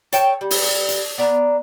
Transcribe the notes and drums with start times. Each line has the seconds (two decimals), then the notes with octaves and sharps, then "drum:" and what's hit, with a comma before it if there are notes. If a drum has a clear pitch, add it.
0.12 A4 C#5 G5 A5, drum: hi-hat
0.41 G3
0.51 drum: open hi-hat
0.89 drum: hi-hat
1.18 B3 D4 A#5